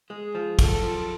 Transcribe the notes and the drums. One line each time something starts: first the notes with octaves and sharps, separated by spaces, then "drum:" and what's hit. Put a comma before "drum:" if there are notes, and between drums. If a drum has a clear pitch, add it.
G#3 G#4
F3
F#2 A4, drum: kick, cymbal
F3